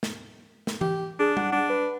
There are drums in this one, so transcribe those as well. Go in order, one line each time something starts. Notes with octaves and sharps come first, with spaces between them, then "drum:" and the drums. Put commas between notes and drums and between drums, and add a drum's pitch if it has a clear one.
drum: snare
drum: snare
G4, drum: tom E3
D4 G#4
F#5, drum: tom G3
D4
B4